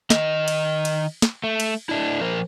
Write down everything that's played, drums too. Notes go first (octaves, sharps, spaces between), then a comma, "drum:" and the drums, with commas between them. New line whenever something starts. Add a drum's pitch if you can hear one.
D#3 D#5, drum: snare
drum: cymbal
drum: cymbal
drum: snare
A3
drum: cymbal
A3 D4 E4
F3 A#4 C5